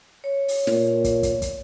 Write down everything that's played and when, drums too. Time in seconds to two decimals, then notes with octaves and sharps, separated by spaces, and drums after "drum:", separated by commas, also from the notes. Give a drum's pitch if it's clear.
0.24 C#5
0.48 drum: open hi-hat
0.67 A#2, drum: snare
1.04 drum: kick, hi-hat
1.23 drum: kick, hi-hat
1.42 drum: kick, hi-hat